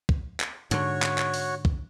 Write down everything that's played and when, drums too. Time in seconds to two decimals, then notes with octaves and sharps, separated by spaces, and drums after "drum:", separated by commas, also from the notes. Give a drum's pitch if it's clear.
0.09 drum: kick
0.40 drum: clap
0.71 G#2 D3 F#4 C#5, drum: hi-hat
1.02 drum: clap
1.18 drum: clap
1.34 drum: open hi-hat
1.65 drum: kick